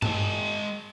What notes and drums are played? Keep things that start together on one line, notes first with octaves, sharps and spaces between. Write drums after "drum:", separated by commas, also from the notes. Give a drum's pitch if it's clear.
G#3 A5, drum: tom G2